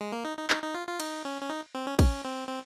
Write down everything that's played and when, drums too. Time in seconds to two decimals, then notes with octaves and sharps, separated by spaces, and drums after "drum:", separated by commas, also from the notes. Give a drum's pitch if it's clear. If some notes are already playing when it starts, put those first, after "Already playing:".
0.01 G#3
0.12 A#3
0.25 D#4
0.37 D#4
0.50 D#4, drum: clap
0.63 D#4
0.75 F4
0.87 F4
1.00 D#4, drum: cymbal
1.25 C#4
1.42 C#4
1.50 D#4
1.75 C4
1.87 C#4
1.99 C#4, drum: kick, cymbal
2.25 C4
2.48 C4